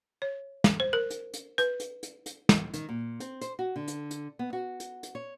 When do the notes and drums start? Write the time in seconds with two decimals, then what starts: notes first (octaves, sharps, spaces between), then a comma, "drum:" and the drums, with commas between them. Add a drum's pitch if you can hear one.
0.22 C#5
0.64 drum: snare
0.80 C5
0.93 A#4
1.10 drum: hi-hat
1.34 drum: hi-hat
1.58 B4, drum: hi-hat
1.80 drum: hi-hat
2.03 drum: hi-hat
2.26 drum: hi-hat
2.49 drum: snare
2.74 D#3, drum: hi-hat
2.89 A#2
3.20 C4, drum: hi-hat
3.41 C5, drum: hi-hat
3.59 F#4
3.76 D3
3.88 drum: hi-hat
4.11 drum: hi-hat
4.39 B3
4.53 F#4
4.80 drum: hi-hat
5.03 drum: hi-hat
5.15 C#5